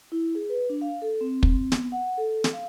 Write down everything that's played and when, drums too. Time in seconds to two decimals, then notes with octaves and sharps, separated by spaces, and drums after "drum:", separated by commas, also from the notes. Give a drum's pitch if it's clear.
0.12 E4
0.35 G#4
0.49 B4
0.70 D4
0.81 F5
1.02 A4
1.21 C4
1.43 drum: kick
1.72 B3, drum: snare
1.92 F#5
2.18 A4
2.44 drum: snare
2.53 F5